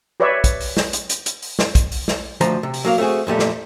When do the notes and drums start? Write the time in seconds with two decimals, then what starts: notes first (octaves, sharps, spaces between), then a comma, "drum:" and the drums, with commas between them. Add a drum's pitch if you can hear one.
0.20 G4 B4 C#5 D5 E5
0.44 drum: kick, hi-hat
0.60 drum: open hi-hat
0.77 drum: snare
0.93 drum: hi-hat
1.09 drum: hi-hat
1.26 drum: hi-hat
1.42 drum: open hi-hat
1.59 drum: snare
1.75 drum: kick, hi-hat
1.91 drum: open hi-hat
2.08 drum: snare
2.41 D2 F3 C5 A#5, drum: hi-hat
2.63 C3
2.73 drum: open hi-hat
2.85 F#3 A#3 F5
2.98 A3 B3 C4 F#4 G#4
3.27 F2 A#2 G3 A3
3.39 drum: snare